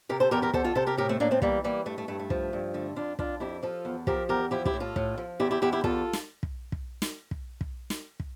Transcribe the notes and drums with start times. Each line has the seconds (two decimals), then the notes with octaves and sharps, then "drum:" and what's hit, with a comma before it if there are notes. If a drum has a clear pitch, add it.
0.09 C3 G4 A#4
0.20 A4 C5
0.31 E2 G4 A#4
0.42 G4 A#4
0.54 E2 A4 C5, drum: kick
0.64 F4 A4
0.75 C3 A4 C5
0.87 G4 A#4
0.98 A2 G4 A#4
1.09 A3 C4
1.20 A2 A#3 D4
1.31 A3 C4
1.42 E3 G3 A#3, drum: kick
1.64 E3 G3 A#3
1.86 G2 A3
1.98 A3
2.08 G2 A3
2.19 A3
2.30 F3, drum: kick
2.53 G2
2.74 D3 A3
2.96 F2 D4 F4
3.19 F2 D4 F4, drum: kick
3.40 F2 E4 G4
3.63 F3 F4 A4
3.85 E2
4.07 F3 G4 A#4, drum: kick
4.29 E2 G4 A#4
4.51 F3 E4 G4
4.65 E4 G4, drum: kick
4.74 A2
4.80 F4 A4
4.96 A2, drum: kick
5.18 F3
5.40 E2 E4 G4
5.51 E4 G4
5.62 E2 E4 G4
5.72 E4 G4
5.84 E2 F4 A4, drum: kick
6.13 drum: snare
6.43 drum: kick
6.72 drum: kick
7.02 drum: snare
7.31 drum: kick
7.61 drum: kick
7.90 drum: snare
8.20 drum: kick